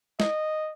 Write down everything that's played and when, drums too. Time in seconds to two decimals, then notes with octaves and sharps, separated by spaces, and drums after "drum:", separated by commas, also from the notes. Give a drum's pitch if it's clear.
0.20 D#5, drum: snare